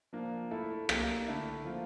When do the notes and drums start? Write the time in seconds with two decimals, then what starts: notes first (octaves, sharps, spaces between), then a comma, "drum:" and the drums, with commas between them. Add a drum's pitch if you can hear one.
0.13 F3 A#3 D4
0.51 A3 E4 A4
0.89 A#3 D4 G4, drum: rim click
1.27 D3 A3 E4
1.65 F3 A#3 F4